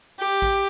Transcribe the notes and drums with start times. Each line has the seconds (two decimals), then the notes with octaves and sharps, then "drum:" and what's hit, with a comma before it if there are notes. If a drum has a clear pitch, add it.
0.19 G4
0.42 drum: kick